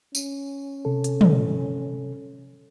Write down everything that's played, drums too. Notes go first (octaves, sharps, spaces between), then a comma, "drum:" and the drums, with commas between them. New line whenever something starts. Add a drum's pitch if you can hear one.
C#4, drum: tambourine
C3 A4
drum: hi-hat
drum: tom